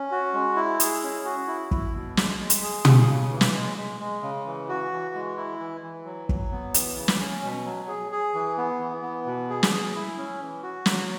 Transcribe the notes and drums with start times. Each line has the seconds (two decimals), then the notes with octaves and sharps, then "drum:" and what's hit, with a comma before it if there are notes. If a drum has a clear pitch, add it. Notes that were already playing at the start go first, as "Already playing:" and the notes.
Already playing: C#4
0.11 F#4
0.34 G#3
0.56 E4
0.80 G#4, drum: hi-hat
1.03 C#4
1.25 F#4
1.47 E4
1.71 E4, drum: kick
1.94 B2
2.17 G#3, drum: snare
2.39 G#3
2.50 drum: hi-hat
2.63 G#4
2.85 C#3, drum: tom
3.08 C#3
3.31 E3
3.41 drum: snare
3.54 G#3
3.77 G#3
4.00 G#3
4.22 C#3
4.46 E3
4.69 F#4
4.92 E3
5.15 G#3
5.37 E4
5.60 E3
5.82 E3
6.05 F#3
6.29 F#3, drum: kick
6.52 B3
6.74 E3, drum: hi-hat
6.97 C#3
7.08 drum: snare
7.20 C#4
7.43 B2
7.66 F#3
7.88 G#4
8.12 G#4
8.34 E3
8.58 B3
8.80 E3
9.03 B3
9.26 B2
9.49 G#4
9.63 drum: snare
9.72 G#4
9.95 E4
10.17 C#4
10.41 E3
10.63 F#4
10.86 F#3, drum: snare